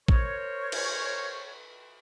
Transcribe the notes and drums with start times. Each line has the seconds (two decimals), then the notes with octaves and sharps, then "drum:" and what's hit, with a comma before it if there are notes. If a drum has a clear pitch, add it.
0.08 A#4 C5 C#5, drum: kick
0.72 drum: cymbal